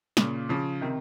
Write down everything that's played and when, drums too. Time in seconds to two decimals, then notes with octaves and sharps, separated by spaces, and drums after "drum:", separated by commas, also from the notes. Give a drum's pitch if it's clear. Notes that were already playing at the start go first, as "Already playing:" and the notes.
0.17 A#2 C#3, drum: snare
0.49 C#3 F3
0.81 C3 D#3